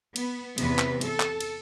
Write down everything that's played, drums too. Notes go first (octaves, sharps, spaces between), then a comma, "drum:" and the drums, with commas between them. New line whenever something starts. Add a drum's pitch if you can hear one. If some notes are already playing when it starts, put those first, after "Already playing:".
B3, drum: cymbal
E2 C3 B3 B4, drum: cymbal
drum: clap
A4, drum: cymbal
drum: clap
drum: cymbal